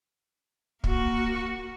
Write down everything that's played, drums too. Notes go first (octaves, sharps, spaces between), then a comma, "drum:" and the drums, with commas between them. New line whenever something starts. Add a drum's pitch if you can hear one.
A#3 F#4, drum: kick